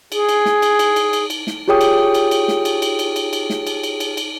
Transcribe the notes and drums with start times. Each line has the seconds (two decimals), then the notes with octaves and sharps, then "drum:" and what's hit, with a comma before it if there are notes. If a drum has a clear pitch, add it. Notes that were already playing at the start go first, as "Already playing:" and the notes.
0.12 G#4, drum: cymbal
0.29 drum: cymbal
0.45 drum: snare
0.62 drum: cymbal
0.79 drum: cymbal
0.96 drum: cymbal
1.13 drum: cymbal
1.30 drum: cymbal
1.47 drum: snare
1.68 F4 G4 G#4 C#5 G5 D#6
1.81 drum: cymbal
2.14 drum: cymbal
2.31 drum: cymbal
2.48 drum: snare
2.65 drum: cymbal
2.82 drum: cymbal
2.99 drum: cymbal
3.16 drum: cymbal
3.33 drum: cymbal
3.50 drum: snare
3.67 drum: cymbal
3.83 drum: cymbal
4.00 drum: cymbal
4.17 drum: cymbal